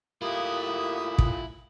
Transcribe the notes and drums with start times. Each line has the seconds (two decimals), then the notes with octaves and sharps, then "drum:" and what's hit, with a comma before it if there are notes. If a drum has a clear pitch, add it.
0.22 A3 A#3 E4 F4 G4 D#6
1.18 drum: kick